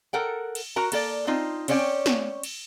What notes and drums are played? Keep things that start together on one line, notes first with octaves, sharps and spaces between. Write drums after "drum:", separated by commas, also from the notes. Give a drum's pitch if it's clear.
A4 A#4 F#5 G5
drum: cymbal
F#4 A#4 A#5
A#3 A4 D5, drum: cymbal
C4 D#4 F4
C4 C#4 C#5 D5 F#5 G5, drum: cymbal
drum: snare
drum: cymbal